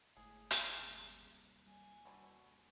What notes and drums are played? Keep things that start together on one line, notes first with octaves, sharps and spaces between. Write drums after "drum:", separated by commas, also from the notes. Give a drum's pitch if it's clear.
G1 A2 G#3 A3 G#4
drum: hi-hat
D#1 C3
G3 G#5
B2 D3